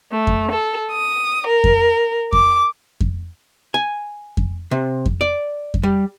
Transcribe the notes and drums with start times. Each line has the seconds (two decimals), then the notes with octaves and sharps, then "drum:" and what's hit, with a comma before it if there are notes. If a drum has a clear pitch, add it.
0.13 A3
0.27 drum: kick F2
0.51 A4
0.92 D#6
1.47 A#4
1.64 drum: kick F2
2.33 D6, drum: kick F2
3.01 drum: kick F2
3.74 G#5
4.37 drum: kick F2
4.71 C3
5.06 drum: kick F2
5.21 D5
5.74 drum: kick F2
5.83 G3